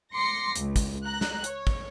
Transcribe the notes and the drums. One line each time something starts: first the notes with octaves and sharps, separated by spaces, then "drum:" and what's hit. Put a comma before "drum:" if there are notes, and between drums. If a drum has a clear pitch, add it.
C6 D6 A#6 C7 C#7
C#2, drum: hi-hat
drum: kick, hi-hat
A#5 F#6
drum: snare
C#5, drum: hi-hat
drum: kick